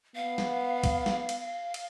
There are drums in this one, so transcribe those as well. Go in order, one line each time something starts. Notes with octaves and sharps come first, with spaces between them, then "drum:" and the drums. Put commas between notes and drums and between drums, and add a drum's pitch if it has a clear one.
B3 F5
drum: snare
drum: kick A#1, cymbal
drum: snare
drum: cymbal
drum: cymbal